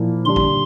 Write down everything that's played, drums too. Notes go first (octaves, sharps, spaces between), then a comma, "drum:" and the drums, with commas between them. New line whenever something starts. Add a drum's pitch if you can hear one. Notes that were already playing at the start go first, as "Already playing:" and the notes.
Already playing: A#2 F3 A#3 E4
D3 G3 D4 C6
drum: kick A1